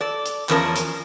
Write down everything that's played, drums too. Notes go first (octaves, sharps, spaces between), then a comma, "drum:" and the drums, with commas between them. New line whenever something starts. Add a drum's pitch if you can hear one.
A4 D5
drum: hi-hat
E2 F3 C#4 A#4 A5, drum: clap
drum: hi-hat